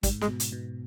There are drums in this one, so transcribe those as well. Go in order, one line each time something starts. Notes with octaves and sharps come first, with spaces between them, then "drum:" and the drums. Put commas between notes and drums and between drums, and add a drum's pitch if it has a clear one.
G#2 G3, drum: kick, hi-hat
G#3, drum: snare
B2
drum: hi-hat
B2